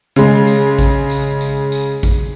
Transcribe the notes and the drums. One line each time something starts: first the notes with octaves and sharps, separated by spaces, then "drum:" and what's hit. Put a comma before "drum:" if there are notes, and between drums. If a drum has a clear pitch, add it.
C#3 G#3, drum: tambourine
drum: tambourine
drum: kick A1, tambourine
drum: tambourine
drum: tambourine
drum: tambourine
drum: kick A1, tambourine